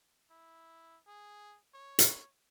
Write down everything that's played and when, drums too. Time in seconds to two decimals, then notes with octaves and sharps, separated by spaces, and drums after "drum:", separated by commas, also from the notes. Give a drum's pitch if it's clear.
0.31 E4
1.07 G#4
1.74 C#5
1.99 drum: hi-hat